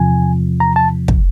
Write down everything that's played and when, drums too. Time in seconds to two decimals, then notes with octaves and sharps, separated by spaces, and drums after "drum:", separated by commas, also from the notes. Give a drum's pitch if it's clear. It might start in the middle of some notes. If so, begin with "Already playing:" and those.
Already playing: E2 C3 F3 G#5
0.60 A#5
0.76 A5
1.08 drum: kick